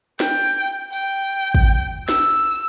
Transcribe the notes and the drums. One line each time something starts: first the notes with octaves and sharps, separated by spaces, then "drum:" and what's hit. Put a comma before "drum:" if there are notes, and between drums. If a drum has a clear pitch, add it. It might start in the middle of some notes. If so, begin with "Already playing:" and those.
G5, drum: snare
G5, drum: tambourine
drum: kick
E6, drum: snare